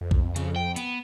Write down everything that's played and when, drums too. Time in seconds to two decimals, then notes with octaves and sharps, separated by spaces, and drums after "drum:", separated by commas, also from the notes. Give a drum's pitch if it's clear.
0.01 F2
0.11 drum: kick
0.36 C#3, drum: hi-hat
0.56 G5
0.76 B3, drum: hi-hat